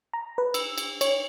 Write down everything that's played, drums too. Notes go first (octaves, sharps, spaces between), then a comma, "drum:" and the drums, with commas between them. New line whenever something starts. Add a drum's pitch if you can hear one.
A#5
B4
E6, drum: cymbal
drum: cymbal
C#5, drum: cymbal